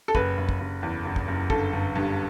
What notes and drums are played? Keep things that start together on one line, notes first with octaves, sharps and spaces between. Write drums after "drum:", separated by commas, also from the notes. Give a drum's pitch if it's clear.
A4
F#1 B4, drum: kick
F#1
drum: kick
F#1
E2
F#1
drum: kick
F#1
G1 A4, drum: kick
G1
G2